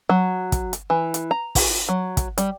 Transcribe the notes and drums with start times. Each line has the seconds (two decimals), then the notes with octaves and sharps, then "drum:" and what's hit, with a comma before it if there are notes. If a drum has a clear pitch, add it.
0.09 F#3
0.52 drum: kick, hi-hat
0.73 drum: hi-hat
0.90 E3
1.14 drum: hi-hat
1.31 A#5
1.55 drum: kick, open hi-hat
1.89 F#3
2.17 drum: kick, hi-hat
2.38 G3, drum: hi-hat